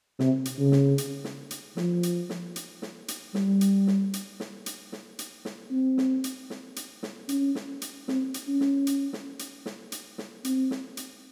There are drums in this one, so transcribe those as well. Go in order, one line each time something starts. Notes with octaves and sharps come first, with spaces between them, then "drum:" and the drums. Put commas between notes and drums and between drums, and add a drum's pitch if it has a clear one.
C3, drum: snare
drum: hi-hat
C#3
drum: snare
drum: hi-hat
drum: snare
drum: hi-hat
F3, drum: snare
drum: hi-hat
drum: snare
drum: hi-hat
drum: snare
drum: hi-hat
G3, drum: snare
drum: hi-hat
drum: snare
drum: hi-hat
drum: snare
drum: hi-hat
drum: snare
drum: hi-hat
drum: snare
C4
drum: snare
drum: hi-hat
drum: snare
drum: hi-hat
drum: snare
C#4, drum: hi-hat
drum: snare
drum: hi-hat
C4, drum: snare
drum: hi-hat
C#4
drum: snare
drum: hi-hat
drum: snare
drum: hi-hat
drum: snare
drum: hi-hat
drum: snare
C4, drum: hi-hat
drum: snare
drum: hi-hat